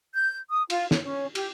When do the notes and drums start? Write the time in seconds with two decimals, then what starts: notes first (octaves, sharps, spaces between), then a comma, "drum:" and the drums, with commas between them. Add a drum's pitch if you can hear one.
0.15 G6
0.49 D#6
0.70 F4, drum: cymbal
0.91 C#5, drum: snare
1.04 C#4
1.35 G4, drum: cymbal